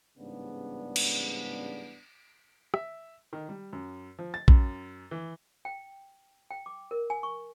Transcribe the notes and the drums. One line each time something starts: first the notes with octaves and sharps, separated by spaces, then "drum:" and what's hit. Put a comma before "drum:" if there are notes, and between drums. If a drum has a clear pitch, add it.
A1 G#2 C#3 G3 B3 D4
drum: cymbal
E5, drum: rim click
D#3
G3
F#2
F3
A6
F#2, drum: kick A#1
E3
G5
G5
D6
A#4
G#5
C#6